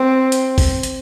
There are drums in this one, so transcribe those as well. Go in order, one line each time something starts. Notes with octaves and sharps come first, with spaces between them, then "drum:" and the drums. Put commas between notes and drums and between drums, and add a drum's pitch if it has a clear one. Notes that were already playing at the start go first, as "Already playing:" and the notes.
Already playing: C4
drum: hi-hat
drum: kick, open hi-hat
drum: hi-hat